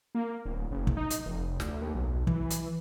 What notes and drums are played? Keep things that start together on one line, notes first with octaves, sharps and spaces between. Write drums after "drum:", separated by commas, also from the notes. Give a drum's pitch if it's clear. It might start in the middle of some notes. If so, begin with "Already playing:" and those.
A#3
D1
F#1
drum: kick
D#4
drum: hi-hat
F1
D2, drum: snare
D#2
B1
E3, drum: kick
drum: hi-hat